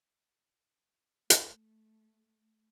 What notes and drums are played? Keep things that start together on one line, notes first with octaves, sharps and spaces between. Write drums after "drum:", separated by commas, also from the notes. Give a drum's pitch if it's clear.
A3, drum: hi-hat